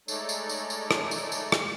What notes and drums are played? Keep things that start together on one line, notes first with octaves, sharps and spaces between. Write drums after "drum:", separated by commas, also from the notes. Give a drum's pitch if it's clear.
G#3 A3 D#4 A4 C#5 D5, drum: tambourine
drum: tambourine
drum: tambourine
drum: tambourine
drum: rim click
drum: tambourine
drum: tambourine
drum: rim click